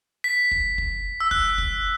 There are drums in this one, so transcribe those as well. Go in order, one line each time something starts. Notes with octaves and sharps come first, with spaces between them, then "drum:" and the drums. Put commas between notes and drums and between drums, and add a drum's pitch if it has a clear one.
B6
drum: kick
drum: kick
E6
F#6, drum: kick
drum: kick